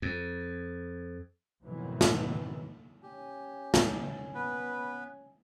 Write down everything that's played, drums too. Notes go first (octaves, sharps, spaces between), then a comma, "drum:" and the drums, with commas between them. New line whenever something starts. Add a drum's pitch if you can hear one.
F2
F2 G#2 B2 D#3 E3 F#3
drum: snare
C#4 G4 C#5 G#5
drum: snare
B3 B4